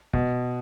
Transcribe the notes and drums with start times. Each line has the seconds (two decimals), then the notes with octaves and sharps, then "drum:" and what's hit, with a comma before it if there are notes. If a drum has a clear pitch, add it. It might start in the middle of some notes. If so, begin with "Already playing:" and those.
0.13 B2, drum: kick